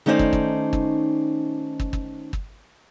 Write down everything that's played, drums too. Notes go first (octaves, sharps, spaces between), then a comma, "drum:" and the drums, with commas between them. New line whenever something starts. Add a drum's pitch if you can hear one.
D#3 A3 C#4 D#4 C5 D5
drum: kick
drum: kick
drum: kick
drum: kick
drum: kick
drum: kick